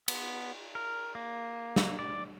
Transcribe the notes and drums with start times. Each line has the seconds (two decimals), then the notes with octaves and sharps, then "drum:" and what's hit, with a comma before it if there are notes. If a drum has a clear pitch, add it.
0.08 B3, drum: cymbal
0.75 A#4
1.15 A#3
1.76 drum: snare
1.99 D5